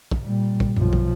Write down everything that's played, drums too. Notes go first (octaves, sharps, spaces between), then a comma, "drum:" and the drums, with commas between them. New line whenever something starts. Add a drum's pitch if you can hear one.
drum: kick
A#2 G3
drum: kick
B1 F3, drum: tom F#2
drum: kick